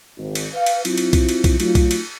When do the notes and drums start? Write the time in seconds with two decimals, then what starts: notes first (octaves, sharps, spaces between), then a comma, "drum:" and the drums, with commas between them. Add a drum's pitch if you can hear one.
0.17 G#1
0.35 drum: cymbal
0.54 B4 F5
0.66 drum: cymbal
0.85 F#3 C4 E4 F4, drum: cymbal
0.98 drum: cymbal
1.13 drum: kick B1, cymbal
1.29 drum: cymbal
1.44 drum: kick B1, cymbal
1.60 F#3 A3 D#4 F4, drum: cymbal
1.75 drum: kick B1, cymbal
1.91 drum: cymbal